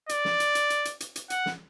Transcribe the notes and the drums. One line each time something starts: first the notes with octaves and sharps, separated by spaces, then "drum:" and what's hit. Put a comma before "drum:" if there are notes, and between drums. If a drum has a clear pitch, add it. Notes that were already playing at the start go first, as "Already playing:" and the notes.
D5, drum: hi-hat
drum: snare
drum: hi-hat
drum: hi-hat
drum: hi-hat
drum: hi-hat
drum: hi-hat
drum: hi-hat
F#5, drum: hi-hat
drum: snare